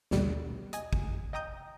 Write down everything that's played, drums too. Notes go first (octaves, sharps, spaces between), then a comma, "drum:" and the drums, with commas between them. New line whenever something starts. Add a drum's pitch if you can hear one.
A#1 D#2 B2 D3 G3, drum: snare
D#5 G#5, drum: hi-hat
drum: kick
D#5 G5 A#5 D#6 G6